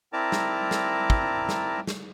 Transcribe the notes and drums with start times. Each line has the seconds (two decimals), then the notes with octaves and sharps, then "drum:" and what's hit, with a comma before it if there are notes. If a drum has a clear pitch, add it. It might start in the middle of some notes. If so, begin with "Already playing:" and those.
0.13 C4 E4 A#4 D5 A5 A#5
0.32 drum: snare
0.71 drum: snare
1.10 drum: kick
1.49 drum: snare
1.87 drum: snare